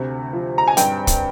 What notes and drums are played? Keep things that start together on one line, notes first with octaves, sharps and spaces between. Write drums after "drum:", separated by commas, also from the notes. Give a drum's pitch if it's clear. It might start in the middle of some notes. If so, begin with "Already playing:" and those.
Already playing: D2 C3
F3
A#5
G#5
G2 G5, drum: hi-hat
drum: kick, hi-hat